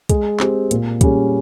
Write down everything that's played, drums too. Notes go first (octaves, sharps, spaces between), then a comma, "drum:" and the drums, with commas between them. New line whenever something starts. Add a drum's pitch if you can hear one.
G#3, drum: kick, hi-hat
C4 G4, drum: clap
A#2, drum: hi-hat
G3 C#4 G#4, drum: kick, hi-hat